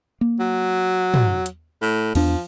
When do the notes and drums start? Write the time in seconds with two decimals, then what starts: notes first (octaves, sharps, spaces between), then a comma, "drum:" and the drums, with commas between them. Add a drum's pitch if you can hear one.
0.21 A#3
0.40 F#3
1.14 drum: tom
1.46 drum: hi-hat
1.82 A2
2.15 E2 F3 D4, drum: cymbal